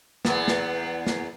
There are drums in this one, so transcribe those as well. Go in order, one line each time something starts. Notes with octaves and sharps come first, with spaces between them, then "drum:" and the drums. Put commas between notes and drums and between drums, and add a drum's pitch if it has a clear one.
E2 B3, drum: snare
drum: snare
drum: snare